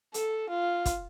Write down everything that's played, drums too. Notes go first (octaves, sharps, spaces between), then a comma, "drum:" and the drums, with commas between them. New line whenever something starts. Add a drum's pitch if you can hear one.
A4, drum: hi-hat
F4
drum: kick, hi-hat